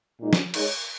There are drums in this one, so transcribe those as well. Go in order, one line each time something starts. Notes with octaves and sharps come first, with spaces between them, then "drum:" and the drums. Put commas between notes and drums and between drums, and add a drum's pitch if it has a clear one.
A#2 G#3 D#4
drum: snare
G#3 D#4 G#4 C#5, drum: cymbal